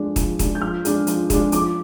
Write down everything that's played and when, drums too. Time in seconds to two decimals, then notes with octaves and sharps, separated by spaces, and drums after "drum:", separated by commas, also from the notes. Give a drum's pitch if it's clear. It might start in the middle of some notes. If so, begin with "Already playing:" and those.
Already playing: F3 G#3 D4
0.16 F3, drum: kick, hi-hat
0.39 G#3 D4, drum: kick, hi-hat
0.55 G6
0.62 F3 F6
0.85 G#3 D4, drum: hi-hat
1.07 F3, drum: hi-hat
1.30 G#3 D4, drum: kick, hi-hat
1.52 F3 D6, drum: hi-hat